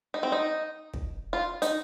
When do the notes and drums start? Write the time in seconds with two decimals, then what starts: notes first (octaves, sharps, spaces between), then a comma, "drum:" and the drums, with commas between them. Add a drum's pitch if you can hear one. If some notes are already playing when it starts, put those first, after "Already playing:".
0.14 D#4
0.23 C4
0.32 D#4
0.93 drum: kick
1.33 F4
1.62 D#4, drum: hi-hat